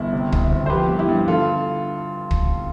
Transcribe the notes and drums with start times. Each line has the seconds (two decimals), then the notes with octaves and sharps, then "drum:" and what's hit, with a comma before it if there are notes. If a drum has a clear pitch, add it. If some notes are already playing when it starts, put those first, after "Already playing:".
Already playing: G1 E4
0.13 C3
0.32 D2, drum: kick
0.51 C4
0.66 C5
0.70 F3 G4 B4
0.89 G2
0.99 E4 G4
1.08 G2
1.28 D3 F4 A4
2.31 drum: kick